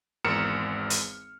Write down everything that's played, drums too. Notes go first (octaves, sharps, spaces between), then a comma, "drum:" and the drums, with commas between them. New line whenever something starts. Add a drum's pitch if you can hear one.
G#1 E2 A#4 F6 C#7 E7
drum: hi-hat